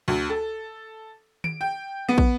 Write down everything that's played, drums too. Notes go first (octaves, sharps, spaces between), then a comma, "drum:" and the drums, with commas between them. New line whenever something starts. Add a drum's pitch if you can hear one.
D2
A4
D7, drum: tom D#3
G5
B3
drum: kick